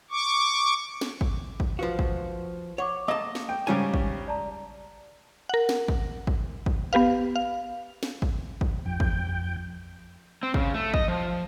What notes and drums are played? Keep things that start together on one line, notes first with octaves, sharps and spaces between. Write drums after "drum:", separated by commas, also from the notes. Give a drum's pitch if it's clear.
C#6 D6
drum: snare
drum: kick
drum: kick
F3 F#4 B4 F5
drum: kick
C#5 F#5 C#6 D6
A#3 D#5 A5
drum: snare
G5
G#2 C#3 G3 G4 C#5 G#5
drum: kick
D5 A5 A#5
A#4 F#5
drum: snare
drum: kick
drum: kick
drum: kick
B3 G4 B4 F5
F5
drum: snare
drum: kick
drum: kick
F2 G5
drum: kick
C4
C#3, drum: kick
A3
D#5, drum: kick
F3